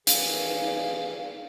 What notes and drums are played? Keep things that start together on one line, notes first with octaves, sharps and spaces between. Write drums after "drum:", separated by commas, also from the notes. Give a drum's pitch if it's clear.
E3 G#4 F5, drum: hi-hat